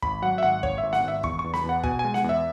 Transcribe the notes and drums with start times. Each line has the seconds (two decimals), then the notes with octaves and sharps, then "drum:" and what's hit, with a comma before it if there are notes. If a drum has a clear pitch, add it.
0.02 G#1 B5, drum: kick
0.22 F#3 F#5
0.38 E5
0.43 G#1 F#5
0.63 G#1 C#5, drum: kick
0.78 G#1 E5
0.93 F#5, drum: snare B3
1.03 G#1 E5
1.23 E2 C#6, drum: kick
1.39 C#6
1.44 E2
1.54 B5, drum: snare B3
1.64 E2
1.69 F#5
1.84 B2 G#5, drum: kick
1.99 G#5
2.05 G#3
2.14 F#5, drum: snare B3
2.24 E2
2.29 E5